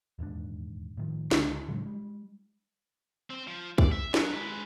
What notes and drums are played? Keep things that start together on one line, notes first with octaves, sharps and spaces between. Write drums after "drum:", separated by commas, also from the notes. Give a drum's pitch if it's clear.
D#1 E2 G#2 D4
A2 D#3 F3
C#2 D3 G#3, drum: snare
A2 C#3 F#3 G#3
G3 G#3
C4 C5
F3
D5, drum: kick B1
E5
F#3, drum: snare
G#3 B4